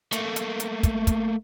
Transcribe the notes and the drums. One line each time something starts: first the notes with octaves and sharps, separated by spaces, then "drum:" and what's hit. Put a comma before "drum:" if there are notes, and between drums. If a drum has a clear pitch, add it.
A3 A#3, drum: hi-hat
drum: hi-hat
drum: hi-hat
drum: kick, hi-hat
drum: kick, hi-hat